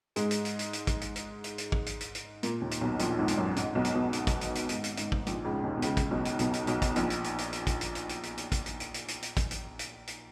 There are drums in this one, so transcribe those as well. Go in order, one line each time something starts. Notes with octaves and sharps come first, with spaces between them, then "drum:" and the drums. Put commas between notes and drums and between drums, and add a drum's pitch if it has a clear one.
G#2 G#3, drum: hi-hat
drum: hi-hat
drum: hi-hat
drum: hi-hat
drum: hi-hat
drum: kick, hi-hat
drum: hi-hat
drum: hi-hat
drum: hi-hat
drum: hi-hat
drum: kick
drum: hi-hat
drum: hi-hat
drum: hi-hat
A#2 A#3, drum: hi-hat
D#2 D#3
drum: hi-hat
B1 B2
A#1 A#2, drum: hi-hat
G#1 G#2
drum: hi-hat
F#2
G#1 G#2, drum: hi-hat
B1 B2
drum: hi-hat
B1 B2
drum: hi-hat
drum: kick, hi-hat
drum: hi-hat
drum: hi-hat
G#1 G#2, drum: hi-hat
drum: hi-hat
G#1 G#2, drum: hi-hat
drum: kick
A#1 A#2, drum: hi-hat
C#2 C#3
D#2 D#3
B2
C#2 C#3, drum: hi-hat
drum: kick, hi-hat
B1 B2
drum: hi-hat
B1 B2, drum: hi-hat
drum: hi-hat
B1 B2, drum: hi-hat
drum: kick, hi-hat
A#1 A#2, drum: hi-hat
drum: hi-hat
drum: hi-hat
drum: hi-hat
drum: hi-hat
drum: kick, hi-hat
drum: hi-hat
drum: hi-hat
drum: hi-hat
drum: hi-hat
drum: hi-hat
drum: kick, hi-hat
drum: hi-hat
drum: hi-hat
drum: hi-hat
drum: hi-hat
drum: hi-hat
drum: kick, hi-hat
drum: hi-hat
drum: hi-hat
drum: hi-hat